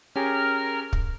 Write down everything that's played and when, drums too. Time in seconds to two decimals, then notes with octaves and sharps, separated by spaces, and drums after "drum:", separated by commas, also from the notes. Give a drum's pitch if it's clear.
0.16 C#4 G4 G#4 A#4 F6
0.93 drum: kick